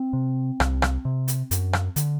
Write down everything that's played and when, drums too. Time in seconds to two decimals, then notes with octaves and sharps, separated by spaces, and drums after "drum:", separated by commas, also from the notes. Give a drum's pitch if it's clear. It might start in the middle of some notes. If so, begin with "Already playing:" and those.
Already playing: C4
0.13 C3
0.60 C2, drum: rim click
0.82 drum: rim click
1.05 C3
1.28 drum: hi-hat
1.51 F#2, drum: hi-hat
1.73 drum: rim click
1.96 D3, drum: hi-hat